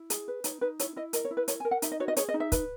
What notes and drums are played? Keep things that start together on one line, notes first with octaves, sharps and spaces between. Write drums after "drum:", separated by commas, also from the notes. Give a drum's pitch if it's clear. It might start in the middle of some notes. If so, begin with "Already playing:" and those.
Already playing: E4
G#4, drum: hi-hat
B4
D#4 C#5, drum: hi-hat
D#4 B4
E4 C#5, drum: hi-hat
E4 D#5
A#4 D#5, drum: hi-hat
C#5
E4
B4
A#4 C#5, drum: hi-hat
A#4 G#5
F#5
D#4 E5, drum: hi-hat
D#5
F#4 C#5
D#5
G#4 C#5, drum: hi-hat
D#5
D#4
E5
B4, drum: kick, hi-hat